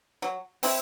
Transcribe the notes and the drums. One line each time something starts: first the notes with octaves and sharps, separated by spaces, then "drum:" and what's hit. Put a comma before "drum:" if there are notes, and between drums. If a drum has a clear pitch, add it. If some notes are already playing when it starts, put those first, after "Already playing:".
F#3
C4 E4, drum: open hi-hat